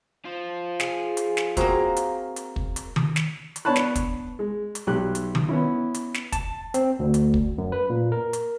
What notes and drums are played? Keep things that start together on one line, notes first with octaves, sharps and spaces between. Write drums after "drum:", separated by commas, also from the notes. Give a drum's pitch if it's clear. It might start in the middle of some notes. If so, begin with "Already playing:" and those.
F4 C5
G#4, drum: snare
drum: hi-hat
drum: snare
A#3 C4 F#4 G#4 A#5, drum: kick, hi-hat
drum: hi-hat
drum: hi-hat
drum: kick
drum: hi-hat
drum: tom D#3
drum: snare
drum: hi-hat
B3 D4 C#5 A5 B5 F#6
drum: snare
drum: kick, hi-hat
G#3
drum: hi-hat
B1 G4 F#6
drum: hi-hat
drum: tom D#3
B3 C#4 E4
drum: hi-hat
drum: snare
A5, drum: kick, hi-hat
C4, drum: hi-hat
D2
drum: hi-hat
drum: kick
F#2
B4
A#2
A#4
drum: hi-hat